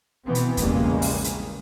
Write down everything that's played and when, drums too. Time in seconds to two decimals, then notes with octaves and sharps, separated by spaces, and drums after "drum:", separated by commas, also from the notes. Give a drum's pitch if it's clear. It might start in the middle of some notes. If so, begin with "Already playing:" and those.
0.25 B2 E3 B3 C4
0.35 drum: hi-hat
0.57 A#1 E2 C#3 G3 G#3 A#3, drum: kick, hi-hat
1.02 drum: open hi-hat
1.24 drum: hi-hat